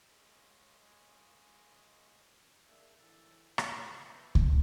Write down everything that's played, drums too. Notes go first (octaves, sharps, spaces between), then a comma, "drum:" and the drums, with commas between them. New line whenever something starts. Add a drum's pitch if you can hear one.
G#3 A#3 C#4 D#5
A#3 D4 G#4 E5
A2 E3 A4
C4 D4, drum: rim click
B4 E5 A5
G#5, drum: kick C#2